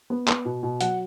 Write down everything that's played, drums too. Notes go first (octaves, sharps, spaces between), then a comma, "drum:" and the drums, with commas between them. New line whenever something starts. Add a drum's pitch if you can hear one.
B3
B3, drum: clap
B2
B2
F#3 F#5, drum: hi-hat